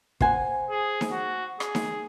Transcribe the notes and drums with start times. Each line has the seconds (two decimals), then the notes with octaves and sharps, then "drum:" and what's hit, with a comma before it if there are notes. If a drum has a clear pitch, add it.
0.21 C5 F#5 G#5, drum: kick
0.70 G#4
1.01 drum: snare D#4
1.12 F#4
1.60 G#4, drum: rim click
1.75 drum: snare D#4